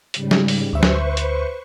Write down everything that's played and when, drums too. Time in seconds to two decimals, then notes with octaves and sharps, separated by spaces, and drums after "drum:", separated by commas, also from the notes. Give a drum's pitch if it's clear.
0.14 G#2 C#3 G3, drum: hi-hat
0.31 drum: snare
0.48 drum: open hi-hat
0.73 D2 B4 C5 E5 C#6
0.83 drum: snare
1.17 drum: hi-hat